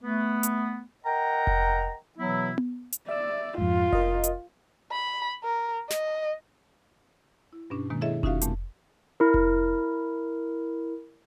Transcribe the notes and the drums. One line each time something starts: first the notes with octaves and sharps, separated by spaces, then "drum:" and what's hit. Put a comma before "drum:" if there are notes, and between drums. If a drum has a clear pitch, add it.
A3 B3
drum: hi-hat
A#4 D#5 F#5 G5 A#5
drum: kick F1
B2 E3 F#3 B3 E4
drum: tom B3
drum: hi-hat
D5 E5 E6
F2 G#2 F4
A#4 D#5, drum: kick F1
drum: hi-hat
B5
A#4
D#5, drum: snare
E4
G2 B2 C#4 D4
B2 D#3 G#3 A#3
E4 G#4 A4 C#5 D#5 E5
C#4 D#4 F4 F#4 E5 F5, drum: kick F1
E2 A#2 A3 C4, drum: hi-hat
E4 A#4
drum: kick F1